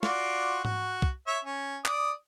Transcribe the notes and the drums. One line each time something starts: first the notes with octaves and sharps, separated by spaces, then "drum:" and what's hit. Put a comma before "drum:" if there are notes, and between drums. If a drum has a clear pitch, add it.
F4 F#4 D5, drum: snare
F#4, drum: tom G#2
drum: kick
C#5 E5
C#4
D5 D#6, drum: clap